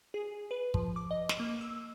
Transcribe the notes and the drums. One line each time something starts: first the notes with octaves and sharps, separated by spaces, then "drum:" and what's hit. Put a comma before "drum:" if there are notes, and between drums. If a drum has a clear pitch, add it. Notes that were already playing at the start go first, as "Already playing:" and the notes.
G#4
B4
F3, drum: kick
D6
D#5
drum: snare
A#3
E6